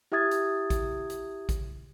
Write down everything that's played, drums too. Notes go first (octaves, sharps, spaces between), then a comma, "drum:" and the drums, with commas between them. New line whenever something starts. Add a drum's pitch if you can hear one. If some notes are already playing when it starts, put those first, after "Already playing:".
E4 G4 E5 D#6 G#6 A6
drum: hi-hat
drum: kick, hi-hat
drum: hi-hat
drum: kick, hi-hat